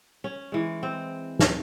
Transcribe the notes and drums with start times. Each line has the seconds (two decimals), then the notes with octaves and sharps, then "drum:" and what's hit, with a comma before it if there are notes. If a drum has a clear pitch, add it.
0.24 C#4
0.52 E3 G#3
0.83 C4
1.39 drum: snare